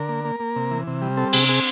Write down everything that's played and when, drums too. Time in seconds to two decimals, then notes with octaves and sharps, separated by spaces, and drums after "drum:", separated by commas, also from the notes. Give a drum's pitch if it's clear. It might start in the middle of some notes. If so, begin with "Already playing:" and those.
Already playing: D3 A#4
0.09 A#3
0.25 A#3
0.40 A#3
0.56 C3
0.71 E3
0.87 C3
1.02 G3
1.17 C4 A4
1.33 C3 G#4, drum: cymbal
1.49 C4 G#4